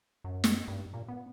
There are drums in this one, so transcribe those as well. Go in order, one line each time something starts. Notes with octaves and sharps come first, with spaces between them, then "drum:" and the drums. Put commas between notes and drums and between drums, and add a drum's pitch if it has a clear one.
F#2
drum: snare
G2
A#2
B3